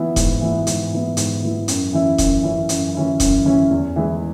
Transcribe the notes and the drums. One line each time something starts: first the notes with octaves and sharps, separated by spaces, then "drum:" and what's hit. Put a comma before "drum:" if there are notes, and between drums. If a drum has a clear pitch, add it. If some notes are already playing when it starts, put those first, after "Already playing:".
Already playing: E3 B3 E4
G#2, drum: kick E1, hi-hat
E3 B3 E4
G#2, drum: hi-hat
E3 B3 E4
G#2, drum: hi-hat
E3 B3 E4
F#2, drum: hi-hat
E3 C#4 E4
F#2, drum: kick E1, hi-hat
E3 C#4 E4
F#2, drum: hi-hat
E3 C#4 E4
F#2, drum: kick E1, hi-hat
E3 C#4 E4
E2
E3 G#3 E4